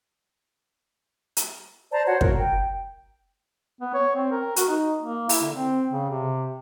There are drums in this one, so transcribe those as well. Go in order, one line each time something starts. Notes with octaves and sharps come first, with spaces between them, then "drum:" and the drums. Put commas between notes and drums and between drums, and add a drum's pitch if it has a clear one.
drum: hi-hat
C5 D5 A5 A#5
F#4 C5 C#5 F#5
F#4 A#4, drum: kick
G5
B3
C#5
C4
A#4
F#4, drum: hi-hat
D#4
A#3
E4, drum: open hi-hat
D3
C4
C#3
C3